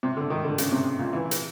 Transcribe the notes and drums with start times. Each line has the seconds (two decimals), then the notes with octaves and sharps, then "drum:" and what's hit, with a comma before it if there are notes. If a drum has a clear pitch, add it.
0.03 C3
0.17 D3
0.30 D#3
0.45 D3
0.58 C#3, drum: hi-hat
0.72 C3
0.99 A#2
1.13 E3
1.31 drum: hi-hat